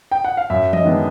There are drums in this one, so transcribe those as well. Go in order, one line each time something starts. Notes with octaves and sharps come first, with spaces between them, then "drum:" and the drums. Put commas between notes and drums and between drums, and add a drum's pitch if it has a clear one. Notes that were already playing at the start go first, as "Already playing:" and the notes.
G5
F#5
F5
F#2 E5
D#5, drum: tom E3
D#3 G#3 B3 D4